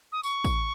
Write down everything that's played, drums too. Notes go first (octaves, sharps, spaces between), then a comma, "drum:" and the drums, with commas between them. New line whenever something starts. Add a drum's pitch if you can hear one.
D#6
C#6, drum: tambourine
drum: kick A1, tambourine